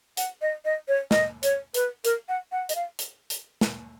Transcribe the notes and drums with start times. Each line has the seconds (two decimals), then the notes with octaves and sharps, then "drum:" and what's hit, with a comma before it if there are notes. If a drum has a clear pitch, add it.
0.17 F#5, drum: hi-hat
0.41 D#5
0.65 D#5
0.88 C#5
1.11 D#5, drum: snare
1.43 C#5, drum: hi-hat
1.74 B4, drum: hi-hat
2.05 A#4, drum: hi-hat
2.29 F#5
2.52 F#5
2.69 D#5, drum: hi-hat
2.75 F5
2.99 drum: hi-hat
3.30 drum: hi-hat
3.61 drum: snare